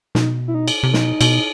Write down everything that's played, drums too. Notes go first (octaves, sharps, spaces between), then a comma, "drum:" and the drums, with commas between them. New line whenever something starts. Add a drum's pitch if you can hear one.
B2 D#4, drum: snare
E4
D#4
drum: cymbal
C3
B2 D#4, drum: snare
B2, drum: cymbal